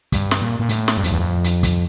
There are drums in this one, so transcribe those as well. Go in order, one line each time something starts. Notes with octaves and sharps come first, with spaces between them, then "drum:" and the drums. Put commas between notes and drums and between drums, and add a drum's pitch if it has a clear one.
G2, drum: kick, hi-hat
drum: snare
A#2
A#2
A2, drum: hi-hat
drum: snare
G2
F2, drum: hi-hat
E2
F2
drum: hi-hat
drum: kick, hi-hat